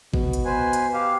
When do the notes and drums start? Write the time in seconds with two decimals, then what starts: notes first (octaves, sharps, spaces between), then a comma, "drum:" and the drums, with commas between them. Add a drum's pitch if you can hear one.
0.14 B2, drum: kick
0.33 drum: hi-hat
0.45 B4 C5 G#5
0.73 drum: hi-hat
0.93 G4 F5